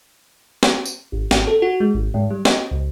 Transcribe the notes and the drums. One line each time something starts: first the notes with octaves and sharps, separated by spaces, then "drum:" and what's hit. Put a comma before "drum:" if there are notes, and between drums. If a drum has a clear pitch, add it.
drum: snare
drum: tambourine
G#1
G#1, drum: snare
A4
F#4
G#3
G#1
G#2
G3
D#5, drum: snare
C#2